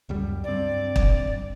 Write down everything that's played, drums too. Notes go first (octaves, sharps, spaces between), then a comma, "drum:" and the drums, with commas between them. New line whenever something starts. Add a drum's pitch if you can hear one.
C#2 F#2 G3
G2 C4 D5
drum: kick